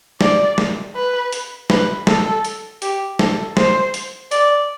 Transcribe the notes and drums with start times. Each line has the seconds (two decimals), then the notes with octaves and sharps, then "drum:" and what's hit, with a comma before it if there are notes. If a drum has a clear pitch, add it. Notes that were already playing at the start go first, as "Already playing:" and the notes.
0.21 D5, drum: snare
0.58 drum: snare
0.95 B4
1.33 drum: hi-hat
1.70 B4, drum: snare
2.07 A4, drum: snare
2.45 drum: hi-hat
2.82 G4, drum: hi-hat
3.19 A4, drum: snare
3.57 C5, drum: snare
3.94 drum: hi-hat
4.31 D5, drum: hi-hat